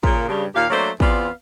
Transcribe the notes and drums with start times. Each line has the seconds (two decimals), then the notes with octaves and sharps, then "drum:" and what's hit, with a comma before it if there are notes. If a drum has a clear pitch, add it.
0.03 A#2 C#3 A#3, drum: kick
0.28 G2 C#3 G3
0.55 D#2 A#2 G4 F5
0.70 F#3 A3 A#3 D4 C5
1.00 E2 B3 C4 F4 D5 F5, drum: kick